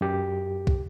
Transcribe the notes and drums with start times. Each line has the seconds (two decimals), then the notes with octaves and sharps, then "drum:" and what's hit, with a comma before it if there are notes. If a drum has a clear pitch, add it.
0.01 F#2 G4
0.67 drum: kick